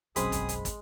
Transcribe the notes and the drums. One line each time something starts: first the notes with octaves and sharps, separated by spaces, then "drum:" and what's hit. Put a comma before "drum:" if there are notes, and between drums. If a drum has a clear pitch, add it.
F1 B1 F#2 G#3 C4 G#4 B5 D#6, drum: hi-hat
drum: kick, hi-hat
drum: hi-hat
drum: kick, hi-hat